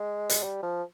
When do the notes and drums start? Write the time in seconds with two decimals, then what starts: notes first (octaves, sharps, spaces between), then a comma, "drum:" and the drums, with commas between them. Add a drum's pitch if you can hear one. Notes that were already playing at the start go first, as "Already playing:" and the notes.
Already playing: G#3
0.29 drum: hi-hat
0.43 G3
0.62 F3